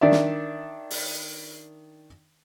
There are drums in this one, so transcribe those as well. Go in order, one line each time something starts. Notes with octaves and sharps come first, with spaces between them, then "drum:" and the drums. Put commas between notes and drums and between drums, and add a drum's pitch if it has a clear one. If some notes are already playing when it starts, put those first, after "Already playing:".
D#3 D4 D5 E5
drum: snare
drum: open hi-hat